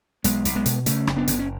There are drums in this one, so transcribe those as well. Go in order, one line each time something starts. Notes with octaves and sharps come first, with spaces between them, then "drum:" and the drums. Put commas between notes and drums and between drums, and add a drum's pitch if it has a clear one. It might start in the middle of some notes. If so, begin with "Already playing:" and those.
B1 G#3 B3, drum: hi-hat
B1, drum: hi-hat
G#3 B3
B2, drum: hi-hat
C#3 A3 C#4, drum: hi-hat
F#1, drum: rim click
B3 D4
F#1, drum: hi-hat
C#4